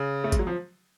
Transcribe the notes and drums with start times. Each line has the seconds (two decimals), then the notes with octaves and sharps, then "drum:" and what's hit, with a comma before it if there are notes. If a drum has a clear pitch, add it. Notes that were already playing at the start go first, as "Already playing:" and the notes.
Already playing: C#3
0.24 A3
0.32 G#3, drum: kick G#1, hi-hat
0.39 F#3
0.47 F3